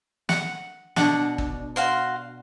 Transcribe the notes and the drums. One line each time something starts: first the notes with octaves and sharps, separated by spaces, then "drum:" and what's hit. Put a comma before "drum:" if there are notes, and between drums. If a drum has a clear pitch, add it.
F#5, drum: snare
B2 D4 F#5, drum: snare
drum: kick
F#4 F5 C6